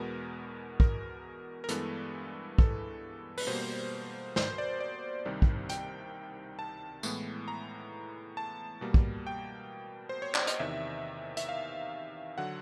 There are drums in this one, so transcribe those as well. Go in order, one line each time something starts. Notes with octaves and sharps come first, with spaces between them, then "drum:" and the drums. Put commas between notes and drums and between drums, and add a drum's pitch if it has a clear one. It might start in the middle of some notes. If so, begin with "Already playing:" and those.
Already playing: E2 B2 G#3 B3 A#4
A#4, drum: kick
A#4
G2 E3 G#3 B3 A4, drum: hi-hat
A4, drum: kick
B4, drum: open hi-hat
B2 G3 A#3 C5
C5, drum: snare
D5
D5
C2 C3 D#3 G3
drum: kick
G5, drum: hi-hat
A5
A2 E3 G#3 B3, drum: tambourine
A#5
A5
B2 G3 A#3
drum: kick
G5
C5
C#5
D5, drum: clap
D#5, drum: hi-hat
E2 C3 D#3 E5
E5, drum: hi-hat
F5
D3 F#3 F#5